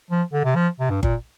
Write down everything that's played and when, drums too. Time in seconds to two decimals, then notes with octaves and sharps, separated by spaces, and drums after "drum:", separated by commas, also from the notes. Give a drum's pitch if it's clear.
0.11 F3
0.33 D3
0.44 C3
0.56 F3
0.80 C3
0.90 G2
1.03 A#2, drum: kick G1